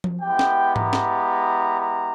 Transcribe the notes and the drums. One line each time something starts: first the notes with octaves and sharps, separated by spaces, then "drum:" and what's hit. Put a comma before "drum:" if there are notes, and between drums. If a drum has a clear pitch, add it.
drum: tom F3
G#3 B3 E4 G4 G5
drum: snare
A#5, drum: tom G#2
drum: snare
A#5